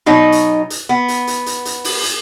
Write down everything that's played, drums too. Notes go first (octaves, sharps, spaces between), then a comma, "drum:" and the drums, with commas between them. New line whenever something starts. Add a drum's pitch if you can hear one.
B2 F#3 D#4
drum: hi-hat
drum: hi-hat
B3
drum: hi-hat
drum: hi-hat
drum: hi-hat
drum: hi-hat
drum: open hi-hat
drum: hi-hat